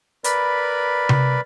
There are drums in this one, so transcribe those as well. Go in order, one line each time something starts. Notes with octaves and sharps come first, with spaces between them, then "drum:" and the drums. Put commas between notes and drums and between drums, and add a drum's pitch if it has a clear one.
A#4 B4 D5 B5, drum: hi-hat
drum: tom C3